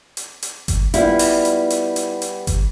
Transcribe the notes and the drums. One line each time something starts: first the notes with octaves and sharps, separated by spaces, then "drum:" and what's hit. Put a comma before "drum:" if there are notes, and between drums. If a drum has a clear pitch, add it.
drum: hi-hat
drum: hi-hat
drum: kick G1, hi-hat
G3 B3 E4 F4, drum: hi-hat
drum: open hi-hat
drum: hi-hat
drum: hi-hat
drum: hi-hat
drum: hi-hat
drum: kick G1, hi-hat